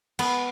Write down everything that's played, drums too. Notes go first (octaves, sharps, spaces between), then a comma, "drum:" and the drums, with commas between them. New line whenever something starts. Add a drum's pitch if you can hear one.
B3, drum: cymbal